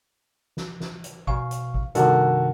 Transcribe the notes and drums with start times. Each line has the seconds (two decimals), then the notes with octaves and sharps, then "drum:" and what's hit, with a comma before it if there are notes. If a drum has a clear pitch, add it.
0.57 drum: snare
0.80 drum: snare
1.04 drum: hi-hat
1.27 B2 F5 C#6, drum: kick
1.51 drum: hi-hat
1.74 drum: kick
1.95 G2 C3 D#3 F#4 A4 A#4, drum: hi-hat